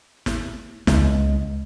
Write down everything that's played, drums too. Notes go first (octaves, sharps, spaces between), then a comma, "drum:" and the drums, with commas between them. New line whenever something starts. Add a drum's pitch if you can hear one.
drum: snare
C#2 G#3, drum: snare